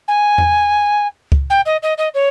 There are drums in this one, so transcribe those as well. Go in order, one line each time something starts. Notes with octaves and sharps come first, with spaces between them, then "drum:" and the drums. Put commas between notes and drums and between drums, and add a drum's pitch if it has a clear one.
G#5
drum: tom E2
drum: kick C#2
G5
D#5
D#5
D#5
C#5